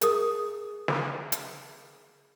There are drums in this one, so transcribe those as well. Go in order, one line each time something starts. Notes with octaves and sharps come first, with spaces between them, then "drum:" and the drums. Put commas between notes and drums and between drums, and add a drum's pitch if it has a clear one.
G#4 A#4 D#6, drum: hi-hat
drum: snare
drum: hi-hat